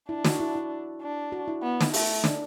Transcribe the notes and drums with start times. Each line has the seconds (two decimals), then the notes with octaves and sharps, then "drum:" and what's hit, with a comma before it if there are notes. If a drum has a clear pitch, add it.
0.09 D4 E4
0.25 F#4, drum: snare
0.40 E4
0.55 E4
1.01 D4
1.32 F#4
1.48 E4
1.63 B3
1.81 drum: snare
1.93 A3, drum: open hi-hat
2.24 D4, drum: snare